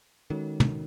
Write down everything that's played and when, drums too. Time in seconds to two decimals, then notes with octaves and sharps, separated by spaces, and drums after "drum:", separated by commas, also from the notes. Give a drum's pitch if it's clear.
0.30 D#3 G#3 C#4 F#4 A4 C#5
0.60 drum: tom